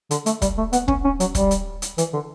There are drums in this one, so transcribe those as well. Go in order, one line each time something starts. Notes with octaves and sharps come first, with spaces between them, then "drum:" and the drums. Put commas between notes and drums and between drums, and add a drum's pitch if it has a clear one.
D3, drum: hi-hat
A3, drum: hi-hat
G3, drum: kick, hi-hat
A3
B3, drum: hi-hat
C#4, drum: kick
C#4
F#3, drum: hi-hat
G3, drum: kick, hi-hat
drum: hi-hat
drum: hi-hat
E3, drum: hi-hat
D3